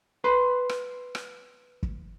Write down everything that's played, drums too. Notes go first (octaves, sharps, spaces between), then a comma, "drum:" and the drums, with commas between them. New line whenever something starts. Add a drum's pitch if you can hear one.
B4 B5 C6
drum: rim click
drum: rim click
drum: kick